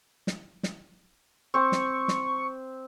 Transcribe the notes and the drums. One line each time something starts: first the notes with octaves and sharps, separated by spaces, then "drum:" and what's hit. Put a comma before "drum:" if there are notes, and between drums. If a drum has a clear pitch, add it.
drum: snare
drum: snare
C4 C#6
drum: snare
drum: snare